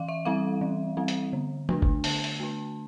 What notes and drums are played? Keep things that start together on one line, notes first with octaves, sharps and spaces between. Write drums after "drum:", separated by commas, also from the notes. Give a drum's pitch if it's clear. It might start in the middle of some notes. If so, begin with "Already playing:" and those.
Already playing: E3 F5
E5
G3 C4 F5
E3
G3 C4
drum: hi-hat
D3
A3 D4, drum: tom
drum: kick G1
D3 A5, drum: open hi-hat
drum: open hi-hat
A3 D4